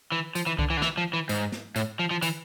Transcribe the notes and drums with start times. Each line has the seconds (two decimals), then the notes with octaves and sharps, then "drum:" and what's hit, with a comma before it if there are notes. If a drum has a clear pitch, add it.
0.12 E3
0.35 F3, drum: tambourine
0.46 E3
0.59 D3, drum: kick C2
0.70 E3
0.77 D3
0.82 E3, drum: snare
0.98 F3
1.13 E3
1.29 G#2, drum: tambourine
1.52 drum: snare
1.76 A2, drum: tambourine
1.99 F3
2.11 F3
2.22 E3, drum: tambourine